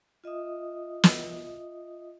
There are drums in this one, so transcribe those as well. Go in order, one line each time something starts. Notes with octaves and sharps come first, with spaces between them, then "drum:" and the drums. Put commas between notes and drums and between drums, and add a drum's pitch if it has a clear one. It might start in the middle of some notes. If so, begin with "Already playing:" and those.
F4 D#5 E5 D#6
drum: snare